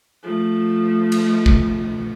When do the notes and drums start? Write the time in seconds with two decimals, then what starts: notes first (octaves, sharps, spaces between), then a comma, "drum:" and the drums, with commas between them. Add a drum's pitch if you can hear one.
0.23 F3 A3
1.12 drum: cymbal
1.46 drum: kick